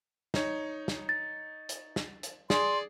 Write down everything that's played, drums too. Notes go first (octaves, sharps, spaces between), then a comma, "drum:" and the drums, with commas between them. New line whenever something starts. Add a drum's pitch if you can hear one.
D#4 C#5, drum: snare
drum: snare
A6
drum: hi-hat
drum: snare
drum: hi-hat
G#4 D5 C6, drum: snare